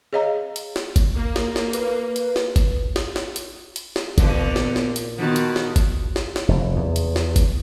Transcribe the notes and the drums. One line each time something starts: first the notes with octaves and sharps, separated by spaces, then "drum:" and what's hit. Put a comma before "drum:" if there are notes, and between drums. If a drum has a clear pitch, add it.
G#4 C#5 D#5 F5 A#5
drum: hi-hat
drum: snare
drum: kick G1, hi-hat
A#3
drum: snare
drum: snare
B4, drum: hi-hat
drum: hi-hat
drum: snare
drum: kick G1, hi-hat
drum: snare
drum: snare
drum: hi-hat
drum: hi-hat
drum: snare
E2 A#2 D3, drum: kick G1, hi-hat
drum: snare
drum: snare
drum: hi-hat
D#3 F3 B3 F#4
drum: hi-hat
drum: snare
drum: kick G1, hi-hat
drum: snare
drum: snare
F1
E2
drum: hi-hat
drum: snare
drum: kick G1, hi-hat